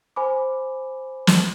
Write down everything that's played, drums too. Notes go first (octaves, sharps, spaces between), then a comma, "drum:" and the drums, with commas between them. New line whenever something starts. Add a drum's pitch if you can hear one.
C5 G#5 B5 D6
drum: snare